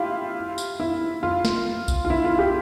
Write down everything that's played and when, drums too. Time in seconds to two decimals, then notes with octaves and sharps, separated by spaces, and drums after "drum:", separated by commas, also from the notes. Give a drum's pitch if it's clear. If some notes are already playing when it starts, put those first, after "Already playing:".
Already playing: E4 F4 G4 F5
0.58 drum: tambourine
0.80 E4
1.23 F4
1.45 drum: snare
1.88 drum: kick C2, tambourine
2.05 F4
2.10 E4
2.24 F4
2.39 G4